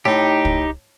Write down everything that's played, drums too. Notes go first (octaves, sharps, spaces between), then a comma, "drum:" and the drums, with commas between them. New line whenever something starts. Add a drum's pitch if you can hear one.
A2 D#4 G4
drum: kick